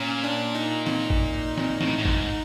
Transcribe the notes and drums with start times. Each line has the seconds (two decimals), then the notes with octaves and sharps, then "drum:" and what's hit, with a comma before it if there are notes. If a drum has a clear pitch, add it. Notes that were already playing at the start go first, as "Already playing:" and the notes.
Already playing: A#2 C#4
0.24 D4
0.55 D#4
0.87 D#4, drum: snare C4
1.10 drum: kick
1.58 drum: snare C4
1.81 A2, drum: snare C4
1.98 A2
2.05 G#2, drum: kick